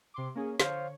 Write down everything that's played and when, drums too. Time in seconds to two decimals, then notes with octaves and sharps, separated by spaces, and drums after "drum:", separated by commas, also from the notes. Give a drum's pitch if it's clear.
0.14 C3 C6 D6
0.35 A#3 C#4 G#4
0.60 D3 C5 C#5 F5, drum: snare